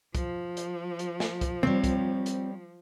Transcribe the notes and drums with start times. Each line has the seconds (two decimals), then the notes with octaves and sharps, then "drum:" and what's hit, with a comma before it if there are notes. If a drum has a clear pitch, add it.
0.15 F3, drum: kick, hi-hat
0.57 drum: hi-hat
0.99 drum: hi-hat
1.20 drum: snare
1.41 drum: kick, hi-hat
1.63 G3 C4 C#5, drum: tom C3
1.84 drum: kick, hi-hat
2.26 drum: hi-hat